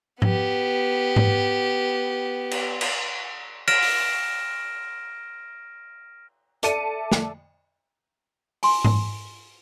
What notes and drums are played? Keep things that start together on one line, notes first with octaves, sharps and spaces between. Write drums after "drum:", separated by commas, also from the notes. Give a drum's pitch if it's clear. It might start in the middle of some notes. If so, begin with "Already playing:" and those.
B3 G4, drum: tom G#2
drum: tom G#2
drum: cymbal
drum: cymbal
F6 A#6 D7 E7, drum: cymbal
drum: open hi-hat
A4 D5 E5 A5 C#7 D#7, drum: hi-hat
drum: snare
G#5 C6, drum: open hi-hat
drum: tom G#2